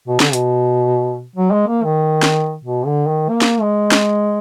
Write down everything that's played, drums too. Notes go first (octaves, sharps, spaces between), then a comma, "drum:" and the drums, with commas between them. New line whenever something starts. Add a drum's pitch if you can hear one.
B2
D3, drum: snare
B2, drum: hi-hat
F#3
G#3
A#3
D#3
drum: snare
B2
D3
D#3
A#3
drum: snare
G#3
drum: snare